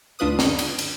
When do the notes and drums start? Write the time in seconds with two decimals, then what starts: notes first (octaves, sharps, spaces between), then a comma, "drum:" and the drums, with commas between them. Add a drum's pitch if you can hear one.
0.19 D2 D4 F4 B4 D#6
0.39 drum: snare
0.59 drum: cymbal
0.79 drum: cymbal